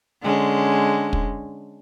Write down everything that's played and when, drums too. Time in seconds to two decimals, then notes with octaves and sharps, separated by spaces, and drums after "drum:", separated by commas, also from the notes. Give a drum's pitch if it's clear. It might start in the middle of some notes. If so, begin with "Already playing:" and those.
0.23 D3 G#3 C#4
1.13 drum: kick